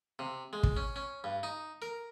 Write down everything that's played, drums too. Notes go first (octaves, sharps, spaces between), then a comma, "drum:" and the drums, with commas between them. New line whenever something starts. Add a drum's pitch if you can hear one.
C3
G#3
drum: kick
C#4
C#4
G2
D#4
A#4